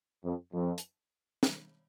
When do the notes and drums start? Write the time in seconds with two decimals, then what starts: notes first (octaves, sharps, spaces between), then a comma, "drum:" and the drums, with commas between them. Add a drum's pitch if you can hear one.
0.24 F2
0.53 F2
0.78 drum: hi-hat
1.43 drum: snare